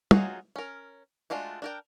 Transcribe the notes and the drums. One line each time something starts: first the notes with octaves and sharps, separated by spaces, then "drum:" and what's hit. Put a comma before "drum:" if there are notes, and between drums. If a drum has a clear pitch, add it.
F#3 D#4 F4 F#4 G#4, drum: tom
C#4 A#4
G#3 A3 D4 F4 F#4
D4 A#4 G5